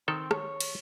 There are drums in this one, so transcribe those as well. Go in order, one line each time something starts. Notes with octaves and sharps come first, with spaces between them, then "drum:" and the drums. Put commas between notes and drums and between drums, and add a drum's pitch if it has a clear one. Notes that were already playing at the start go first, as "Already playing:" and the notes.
D#3 C4 A4 A#4
C#5, drum: rim click
drum: cymbal